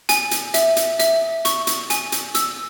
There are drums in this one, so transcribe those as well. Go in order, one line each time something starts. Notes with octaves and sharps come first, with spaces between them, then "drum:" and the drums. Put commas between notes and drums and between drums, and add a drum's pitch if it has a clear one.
G#5, drum: hi-hat
drum: hi-hat
E5, drum: hi-hat
drum: hi-hat
E5, drum: hi-hat
C#6, drum: hi-hat
drum: hi-hat
G#5, drum: hi-hat
drum: hi-hat
E6, drum: hi-hat